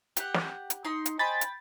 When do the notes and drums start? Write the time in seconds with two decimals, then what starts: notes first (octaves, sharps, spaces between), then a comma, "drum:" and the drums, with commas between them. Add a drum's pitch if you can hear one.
0.17 G4 F#5, drum: hi-hat
0.34 drum: snare
0.70 drum: hi-hat
0.85 D#4 C6
1.06 drum: hi-hat
1.19 C5 D#5 G5 G#5 B5 A6
1.41 drum: hi-hat